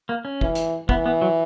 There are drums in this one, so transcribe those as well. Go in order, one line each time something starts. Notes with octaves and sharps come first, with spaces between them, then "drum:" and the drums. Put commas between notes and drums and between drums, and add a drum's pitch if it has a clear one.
A#3
C#4
E3, drum: kick
drum: hi-hat
E3 B3, drum: kick
B3
F#3